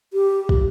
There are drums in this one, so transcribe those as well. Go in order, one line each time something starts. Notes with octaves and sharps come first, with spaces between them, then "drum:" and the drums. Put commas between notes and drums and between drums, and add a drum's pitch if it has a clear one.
G4
drum: kick